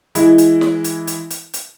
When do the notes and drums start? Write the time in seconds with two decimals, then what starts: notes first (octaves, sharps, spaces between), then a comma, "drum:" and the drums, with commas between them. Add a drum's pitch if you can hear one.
0.15 E3 G#3 E4, drum: hi-hat
0.38 drum: hi-hat
0.61 drum: snare
0.84 drum: hi-hat
1.07 drum: hi-hat
1.30 drum: hi-hat
1.53 drum: hi-hat